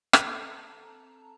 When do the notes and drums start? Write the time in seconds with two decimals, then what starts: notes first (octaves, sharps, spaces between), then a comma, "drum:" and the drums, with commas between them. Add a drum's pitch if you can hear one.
0.13 C4 A4 A5 A#5, drum: rim click